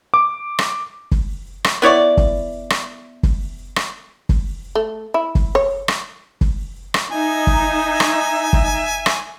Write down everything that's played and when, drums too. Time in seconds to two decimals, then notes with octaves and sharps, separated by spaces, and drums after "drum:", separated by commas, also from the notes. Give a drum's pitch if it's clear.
0.14 D6
0.59 drum: rim click
1.11 drum: kick F#1
1.64 drum: rim click
1.82 B3 E4 C#5 D5
2.17 drum: kick F#1
2.70 drum: rim click
3.23 drum: kick F#1
3.76 drum: rim click
4.29 drum: kick F#1
4.75 A3
5.14 E4
5.35 drum: kick F#1
5.55 C#5
5.88 drum: rim click
6.41 drum: kick F#1
6.94 drum: rim click
7.12 D#4 E5 G#5
7.47 drum: kick F#1
8.00 drum: rim click
8.53 drum: kick F#1
9.06 drum: rim click